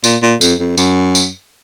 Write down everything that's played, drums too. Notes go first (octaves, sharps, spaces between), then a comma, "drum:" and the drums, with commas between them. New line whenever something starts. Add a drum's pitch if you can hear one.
A#2, drum: tambourine
A#2
F2, drum: tambourine
F2
F#2, drum: tambourine
drum: tambourine